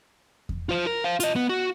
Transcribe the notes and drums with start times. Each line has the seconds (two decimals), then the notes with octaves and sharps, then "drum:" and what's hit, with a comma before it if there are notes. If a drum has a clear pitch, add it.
0.49 drum: kick E2
0.69 F4 C5
0.87 A#4
1.04 C5 F5
1.20 F4 D#5, drum: hi-hat
1.36 B3
1.49 F#4